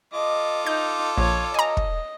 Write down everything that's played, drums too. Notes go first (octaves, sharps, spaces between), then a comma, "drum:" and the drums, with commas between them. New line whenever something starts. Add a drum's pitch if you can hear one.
F4 A4 D#5 D6
D#4 G6
A#1 C#5
D#5 G#5 A#5
drum: kick